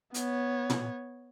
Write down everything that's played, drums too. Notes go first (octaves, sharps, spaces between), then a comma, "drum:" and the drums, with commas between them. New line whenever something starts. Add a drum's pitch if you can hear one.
B3 C#5, drum: hi-hat
drum: tom